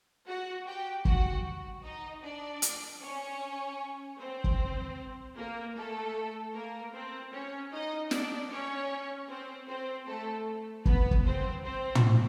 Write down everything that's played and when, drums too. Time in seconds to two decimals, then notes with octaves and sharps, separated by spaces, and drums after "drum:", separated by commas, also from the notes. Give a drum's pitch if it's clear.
0.27 F#4 F#5
0.66 G4 G5
1.05 F#4 F#5, drum: kick
1.84 D#4 D#5
2.23 D4 D5
2.62 drum: hi-hat
3.01 C#4 C#5
4.19 C4 C5
4.44 drum: kick
5.37 A#3 A#4
5.76 A3 A4
6.54 A#3 A#4
6.93 C4 C5
7.32 C#4 C#5
7.72 D#4 D#5
8.11 D4 D5, drum: snare
8.50 C#4 C#5
9.28 C4 C5
9.68 C4 C5
10.06 A3 A4
10.86 B3 B4, drum: kick
11.11 drum: kick
11.24 C4 C5
11.63 C4 C5
11.95 drum: tom